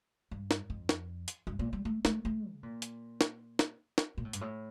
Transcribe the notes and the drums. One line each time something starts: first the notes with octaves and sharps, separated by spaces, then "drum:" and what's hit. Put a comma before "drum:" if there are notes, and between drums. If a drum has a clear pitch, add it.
G2
drum: snare
F2
drum: snare
drum: hi-hat
G2
A#2
G3
A3
A3, drum: snare
A3
C#3
A#2
drum: hi-hat
drum: snare
drum: snare
drum: snare
A#2
A2
G2, drum: hi-hat
A2